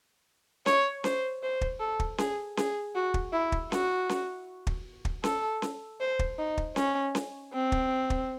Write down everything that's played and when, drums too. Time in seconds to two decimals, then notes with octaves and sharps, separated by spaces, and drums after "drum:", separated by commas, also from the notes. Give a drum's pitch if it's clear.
0.66 C#5, drum: snare C#4
1.04 C5, drum: snare C#4
1.43 C5
1.61 drum: kick
1.80 A4
2.00 drum: kick
2.18 G#4, drum: snare C#4
2.57 G#4, drum: snare C#4
2.95 F#4
3.14 drum: kick
3.33 E4
3.52 drum: kick
3.72 F#4, drum: snare C#4
4.09 drum: snare C#4
4.67 drum: kick
5.05 drum: kick
5.24 A4, drum: snare C#4
5.62 drum: snare C#4
6.00 C5
6.19 drum: kick
6.38 D#4
6.57 drum: kick
6.76 C#4, drum: snare C#4
7.15 drum: snare C#4
7.53 C4
7.72 drum: kick
8.10 drum: kick